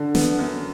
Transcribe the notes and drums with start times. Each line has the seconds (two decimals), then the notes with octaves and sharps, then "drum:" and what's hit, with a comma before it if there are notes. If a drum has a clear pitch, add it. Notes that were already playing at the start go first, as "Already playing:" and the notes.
Already playing: D3
0.15 B3, drum: snare
0.39 F#2